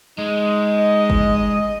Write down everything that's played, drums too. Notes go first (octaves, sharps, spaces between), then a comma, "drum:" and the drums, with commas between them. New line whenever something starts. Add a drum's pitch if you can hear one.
G#3 D#4
D#5
drum: kick